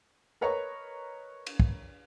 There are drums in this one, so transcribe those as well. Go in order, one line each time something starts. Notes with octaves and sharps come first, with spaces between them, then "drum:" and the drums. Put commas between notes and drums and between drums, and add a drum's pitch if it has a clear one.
A#4 B4 C#5 D#5 A#5 C#6
drum: cymbal
drum: kick